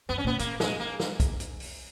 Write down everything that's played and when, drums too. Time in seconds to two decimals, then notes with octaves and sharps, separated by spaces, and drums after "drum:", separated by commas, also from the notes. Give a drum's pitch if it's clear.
0.09 F#2 B3
0.18 C#4
0.24 A#2 B3
0.39 A#2 A#3, drum: hi-hat
0.60 G#3, drum: snare
0.80 A#3
1.00 drum: snare
1.20 drum: kick, hi-hat
1.40 drum: hi-hat
1.60 drum: open hi-hat